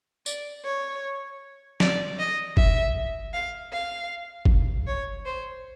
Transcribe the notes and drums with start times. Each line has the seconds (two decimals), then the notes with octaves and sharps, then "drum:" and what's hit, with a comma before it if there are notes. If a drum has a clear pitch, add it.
0.26 D5, drum: tambourine
0.65 C#5
1.80 D5, drum: snare
2.19 D#5
2.57 E5, drum: kick
3.34 F5
3.72 F5
4.45 drum: kick
4.87 C#5
5.26 C5